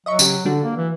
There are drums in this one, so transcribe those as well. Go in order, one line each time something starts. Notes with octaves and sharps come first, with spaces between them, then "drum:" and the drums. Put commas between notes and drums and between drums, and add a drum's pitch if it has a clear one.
F#3 D#5 E5 C#6
C#3 G4, drum: tambourine
D3 G3 D4 F#4
A#3
E3